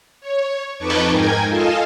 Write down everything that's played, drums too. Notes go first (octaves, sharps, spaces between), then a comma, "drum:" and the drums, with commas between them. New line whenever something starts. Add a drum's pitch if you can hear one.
C#5
F2 D#4 B4 A5 C#6 D6
drum: cymbal
G#2 A#4 G5 G#5 A#5 G#6
F4 A4 D#5 F5 G#5 A5